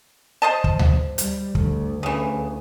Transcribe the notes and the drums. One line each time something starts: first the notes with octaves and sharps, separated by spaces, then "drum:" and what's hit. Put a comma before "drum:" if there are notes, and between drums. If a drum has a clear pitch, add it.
C5 D#5 A5
drum: kick
drum: tom D2
G3, drum: hi-hat
D2, drum: kick
D2 C#3 E3